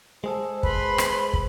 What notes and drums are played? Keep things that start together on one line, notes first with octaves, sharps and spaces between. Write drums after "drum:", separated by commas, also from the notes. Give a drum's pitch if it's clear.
G#3 G#4 A4 C5
B4 B5 C6, drum: kick
drum: rim click
drum: kick